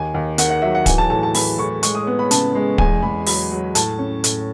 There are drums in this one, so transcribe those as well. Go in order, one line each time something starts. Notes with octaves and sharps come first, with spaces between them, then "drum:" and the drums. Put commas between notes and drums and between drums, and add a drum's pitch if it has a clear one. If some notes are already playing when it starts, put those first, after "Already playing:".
Already playing: D#2 G#5
D#2
D#3 F#5, drum: hi-hat
F#5
F#3 E5
F#5
E3 G#5, drum: kick, hi-hat
A5
A2 A5
A5
E3 B5, drum: open hi-hat
A2 C#6
G#3 C#6, drum: hi-hat
D#6
B3
B5
C#3 A5, drum: hi-hat
G#3
E2 G#5, drum: kick
E2 B5
F#3 B5, drum: open hi-hat
F#3
A2 A5, drum: hi-hat
C#4
A2, drum: hi-hat